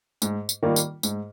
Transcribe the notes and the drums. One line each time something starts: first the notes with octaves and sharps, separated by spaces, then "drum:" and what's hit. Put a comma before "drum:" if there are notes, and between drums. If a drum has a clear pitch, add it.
G#2, drum: tambourine
drum: tambourine
D#3 G3 A#3 F4
drum: tambourine
G#2, drum: tambourine